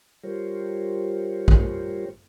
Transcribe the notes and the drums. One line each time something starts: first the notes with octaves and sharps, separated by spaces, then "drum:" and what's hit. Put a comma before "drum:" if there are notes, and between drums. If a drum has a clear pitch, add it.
G3 F4 G4 A#4 C5 C#5
drum: kick